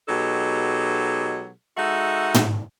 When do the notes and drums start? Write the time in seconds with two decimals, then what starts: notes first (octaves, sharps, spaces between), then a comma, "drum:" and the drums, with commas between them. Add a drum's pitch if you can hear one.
0.08 B2 F#3 G#3 D#4 G4 A4
1.77 G#3 D#4 F#4 A4 E5 F#5
2.34 drum: tom